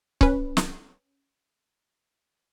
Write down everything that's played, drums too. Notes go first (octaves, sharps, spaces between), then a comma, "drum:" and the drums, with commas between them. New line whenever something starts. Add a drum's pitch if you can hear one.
C#4 B4, drum: kick C#1
drum: snare